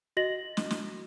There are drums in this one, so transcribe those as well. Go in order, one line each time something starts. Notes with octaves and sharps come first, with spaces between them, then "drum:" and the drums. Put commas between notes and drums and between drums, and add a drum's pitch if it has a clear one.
F#4 D#5 A#6 F#7
drum: snare
drum: snare